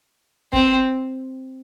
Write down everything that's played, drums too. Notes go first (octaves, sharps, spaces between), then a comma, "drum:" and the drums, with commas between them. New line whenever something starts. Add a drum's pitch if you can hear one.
C4, drum: kick F#1